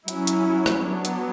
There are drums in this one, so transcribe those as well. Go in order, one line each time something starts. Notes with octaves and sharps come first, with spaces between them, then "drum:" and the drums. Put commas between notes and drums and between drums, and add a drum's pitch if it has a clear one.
F#3 C#4 E4, drum: hi-hat
drum: hi-hat
drum: rim click
F#3 B3 D4
drum: hi-hat